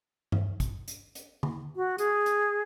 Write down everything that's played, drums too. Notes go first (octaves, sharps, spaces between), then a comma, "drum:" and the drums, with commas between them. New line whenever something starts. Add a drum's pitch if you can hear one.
drum: tom G2
drum: kick, hi-hat
drum: hi-hat
drum: hi-hat
drum: tom D3
F#4
G#4, drum: hi-hat
drum: hi-hat